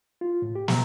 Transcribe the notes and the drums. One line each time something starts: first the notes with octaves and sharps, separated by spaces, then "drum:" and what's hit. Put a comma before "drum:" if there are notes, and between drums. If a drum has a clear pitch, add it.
F4
A2
G4
A#5, drum: snare